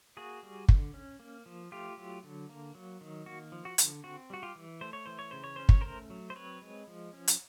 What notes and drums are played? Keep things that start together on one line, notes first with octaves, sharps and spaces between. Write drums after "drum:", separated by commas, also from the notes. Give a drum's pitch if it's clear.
A#3 F#4 G#4
G3
D3, drum: kick
C#4
A#3
F3
A3 F4 G4
F#3
D3
A#3
F#3
D#3
A#3 F#4
F3
F#4
D3, drum: hi-hat
C4 F#4
G3 F#4
F4 G4
E3
A3 C5
C#5
E3 C5
C#5
C#3 C5
C#5
C#4 C5
C#5, drum: kick
A3 A#4 C5
F#3
C5
C4 B4 C#5
G#3
F3
C#4
drum: hi-hat